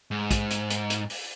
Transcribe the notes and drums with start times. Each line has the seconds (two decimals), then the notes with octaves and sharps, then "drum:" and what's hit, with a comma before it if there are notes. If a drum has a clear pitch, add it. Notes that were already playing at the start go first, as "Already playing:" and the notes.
0.11 G#2
0.31 drum: kick, hi-hat
0.50 drum: hi-hat
0.70 drum: hi-hat
0.90 drum: hi-hat
1.10 drum: open hi-hat